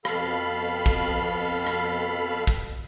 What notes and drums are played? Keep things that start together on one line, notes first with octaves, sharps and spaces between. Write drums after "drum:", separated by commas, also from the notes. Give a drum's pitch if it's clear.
F2 B2 A4 F5 B5, drum: rim click
drum: kick
drum: rim click
drum: kick